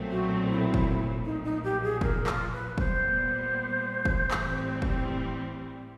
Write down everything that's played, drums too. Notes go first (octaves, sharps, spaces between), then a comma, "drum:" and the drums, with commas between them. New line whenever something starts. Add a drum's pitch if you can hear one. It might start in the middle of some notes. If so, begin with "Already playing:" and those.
Already playing: B1 A#2 F#3 A3 C4
F#4
E4
drum: kick
B1 A#2 F3 D#4
D#4
G4
G#4
A#4, drum: kick
F4, drum: clap
B4
A#2 G3 B3 C5, drum: kick
drum: kick
A2 E3 G3 C4, drum: clap
drum: kick